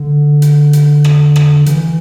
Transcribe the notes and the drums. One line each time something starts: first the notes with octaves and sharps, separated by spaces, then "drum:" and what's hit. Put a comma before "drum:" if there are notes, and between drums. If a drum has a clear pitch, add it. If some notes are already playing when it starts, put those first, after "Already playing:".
Already playing: D3
drum: hi-hat
drum: hi-hat
drum: rim click
drum: rim click
D3
E3, drum: hi-hat